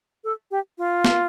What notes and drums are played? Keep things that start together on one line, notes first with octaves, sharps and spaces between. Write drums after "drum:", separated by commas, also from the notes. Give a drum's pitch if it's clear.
A4
G4
F4
drum: snare